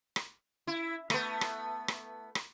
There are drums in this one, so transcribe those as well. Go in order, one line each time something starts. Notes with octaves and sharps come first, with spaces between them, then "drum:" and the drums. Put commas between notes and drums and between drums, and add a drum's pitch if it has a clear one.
drum: rim click
E4
A3 B3, drum: rim click
drum: rim click
drum: rim click
drum: rim click